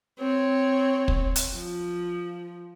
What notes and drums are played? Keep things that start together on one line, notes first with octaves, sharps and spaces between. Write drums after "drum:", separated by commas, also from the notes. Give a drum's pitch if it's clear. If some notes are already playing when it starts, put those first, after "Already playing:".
C4 C#5
drum: kick
drum: hi-hat
F3